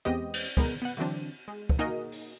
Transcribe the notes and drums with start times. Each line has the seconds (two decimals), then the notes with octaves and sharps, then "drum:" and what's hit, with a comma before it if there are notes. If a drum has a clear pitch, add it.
0.05 E2 G#3 B3 C4 G4 D#5
0.34 drum: cymbal
0.57 G#3 B3 A#4, drum: kick
0.82 B3 F#5
0.97 D3 E3 F#3 C4 D4
1.48 G#3
1.69 drum: kick
1.79 A#3 D#4 F#4 G#4 A#4 D#5
2.12 drum: open hi-hat